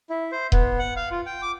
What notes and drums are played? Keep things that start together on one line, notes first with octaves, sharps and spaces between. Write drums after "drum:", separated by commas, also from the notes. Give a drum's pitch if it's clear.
E4
C5
B3, drum: kick D#1
F#5
F5
F4
G5
D6